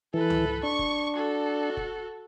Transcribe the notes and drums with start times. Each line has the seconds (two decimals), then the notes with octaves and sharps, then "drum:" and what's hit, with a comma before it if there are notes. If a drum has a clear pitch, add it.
0.14 E3 A4 B4
0.30 drum: tom C#2
0.63 D4 C#6
0.79 drum: kick F1
1.15 F#4 A4
1.77 drum: kick F1